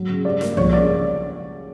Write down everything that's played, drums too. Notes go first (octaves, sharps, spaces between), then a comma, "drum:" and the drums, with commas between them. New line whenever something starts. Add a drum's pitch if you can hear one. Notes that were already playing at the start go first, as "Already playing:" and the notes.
Already playing: F#3
C#3
G3 D5
A#3, drum: snare
F3 C#5, drum: tom C2
C#3 D5